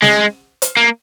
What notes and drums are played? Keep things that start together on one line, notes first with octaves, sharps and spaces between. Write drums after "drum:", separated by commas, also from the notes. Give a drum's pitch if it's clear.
G#3, drum: snare
drum: hi-hat
A#3